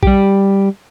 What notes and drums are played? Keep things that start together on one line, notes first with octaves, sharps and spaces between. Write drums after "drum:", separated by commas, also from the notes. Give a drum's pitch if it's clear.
G3 G4, drum: kick A#1